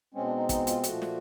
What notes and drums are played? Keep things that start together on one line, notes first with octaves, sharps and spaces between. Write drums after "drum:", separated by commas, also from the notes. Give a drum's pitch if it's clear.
B2 G#3 C4 C#4
D4
D#4
D#4, drum: kick, hi-hat
F4, drum: hi-hat
A#2 F3 A3 F#4, drum: hi-hat
drum: snare